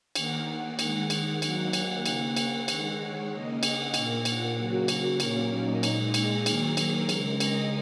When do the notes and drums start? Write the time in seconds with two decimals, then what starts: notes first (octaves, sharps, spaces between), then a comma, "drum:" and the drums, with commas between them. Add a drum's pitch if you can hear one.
0.15 D#3 A#3 F#5, drum: cymbal
0.79 D#3 G#3, drum: cymbal
1.10 F#5, drum: cymbal
1.42 D#3 F#3 A#3 F#5, drum: cymbal
1.73 F#5, drum: cymbal
2.06 C#3 A#3, drum: cymbal
2.37 F#5, drum: cymbal
2.68 D#3 G#3, drum: cymbal
3.00 C#5
3.30 C#3 A#3 D#5
3.63 F#5, drum: cymbal
3.94 A#2 A#3, drum: cymbal
4.25 F#5, drum: cymbal
4.57 C#3 F#3 A#3 F#4
4.88 F#4, drum: cymbal
5.20 A#2 F#3 A#3 C#4, drum: cymbal
5.51 D#4
5.83 A#2 G#3, drum: cymbal
6.14 G#4, drum: cymbal
6.46 D#3 F#3 A#3 G#4, drum: cymbal
6.77 A#4, drum: cymbal
7.09 C#3 G#3, drum: cymbal
7.40 D#5, drum: cymbal